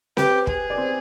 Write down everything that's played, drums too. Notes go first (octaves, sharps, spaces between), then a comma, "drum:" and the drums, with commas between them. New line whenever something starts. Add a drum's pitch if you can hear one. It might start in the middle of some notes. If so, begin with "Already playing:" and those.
G4 B4, drum: snare C4
G#4, drum: kick
D5
C4 C5